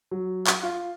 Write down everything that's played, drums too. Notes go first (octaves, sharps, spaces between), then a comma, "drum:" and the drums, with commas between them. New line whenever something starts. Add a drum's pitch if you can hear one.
F#3
drum: clap
F4